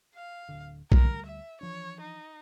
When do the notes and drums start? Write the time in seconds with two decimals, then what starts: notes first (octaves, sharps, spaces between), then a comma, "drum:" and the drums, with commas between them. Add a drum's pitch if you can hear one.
0.15 F5
0.49 D1 G1 D3
0.92 D2 G3 A#4, drum: kick B1
1.26 E5
1.61 E3 F3 D4 C#5
2.01 D#4